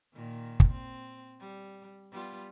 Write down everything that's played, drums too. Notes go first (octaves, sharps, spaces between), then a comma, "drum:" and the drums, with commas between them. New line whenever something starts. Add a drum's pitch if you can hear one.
A#2 D#3
drum: kick
C4
G3
G3 B3 F4